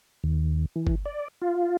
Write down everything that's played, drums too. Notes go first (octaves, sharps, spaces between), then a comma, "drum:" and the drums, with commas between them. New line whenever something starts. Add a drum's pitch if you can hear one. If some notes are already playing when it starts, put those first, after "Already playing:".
D#2
E3
drum: kick G1
D5
F4